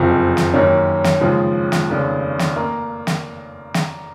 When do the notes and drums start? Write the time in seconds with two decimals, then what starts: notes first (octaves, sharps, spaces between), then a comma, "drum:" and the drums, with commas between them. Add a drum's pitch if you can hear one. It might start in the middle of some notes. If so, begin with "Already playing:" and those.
Already playing: F#1 F2 C3 F3
0.37 drum: snare
0.54 F#2 D#3 A#3 C#4
1.04 drum: snare
1.21 D#2 C#3 F3 G#3
1.72 drum: snare
1.89 F1 D#2 C#3
2.39 drum: snare
2.56 A#3
3.07 drum: snare
3.74 drum: snare